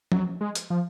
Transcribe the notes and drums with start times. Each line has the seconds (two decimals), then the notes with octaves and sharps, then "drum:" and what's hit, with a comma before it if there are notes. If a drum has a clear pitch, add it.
0.12 F#3, drum: tom F3
0.41 G#3
0.55 drum: hi-hat
0.70 F3